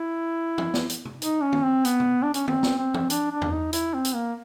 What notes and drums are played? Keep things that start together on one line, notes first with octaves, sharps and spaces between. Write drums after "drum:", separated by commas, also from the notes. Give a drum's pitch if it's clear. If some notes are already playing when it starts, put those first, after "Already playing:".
Already playing: E4
drum: tom
drum: snare
drum: hi-hat
drum: tom C3
D#4, drum: hi-hat
C#4
drum: tom
C4
B3, drum: hi-hat
drum: tom C3
D4
C#4, drum: hi-hat
C4, drum: tom
drum: snare
C4
drum: tom
D4, drum: hi-hat
D4
drum: tom E2
D#4
E4, drum: hi-hat
C4
drum: hi-hat
A#3